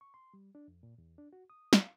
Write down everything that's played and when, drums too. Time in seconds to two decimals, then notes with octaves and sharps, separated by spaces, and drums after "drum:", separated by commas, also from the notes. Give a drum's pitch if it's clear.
0.01 C#6
0.14 C6
0.34 G3
0.55 D4
0.68 F2
0.83 A#2
0.98 E2
1.18 D4
1.33 F#4
1.50 D#6
1.73 drum: snare
1.82 F5